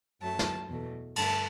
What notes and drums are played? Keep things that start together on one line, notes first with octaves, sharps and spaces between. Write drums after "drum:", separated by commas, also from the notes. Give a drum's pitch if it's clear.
F#2 F#3 A3 A5
drum: snare
E2 B2 A3
G2 D3 A3 A5, drum: cymbal